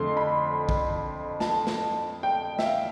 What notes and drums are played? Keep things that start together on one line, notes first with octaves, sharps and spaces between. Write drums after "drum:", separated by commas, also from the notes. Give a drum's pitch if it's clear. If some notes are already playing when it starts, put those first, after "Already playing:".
Already playing: F2 D3 A3 C6
B5
drum: kick
A5, drum: snare
drum: snare
G5
E5, drum: snare
F5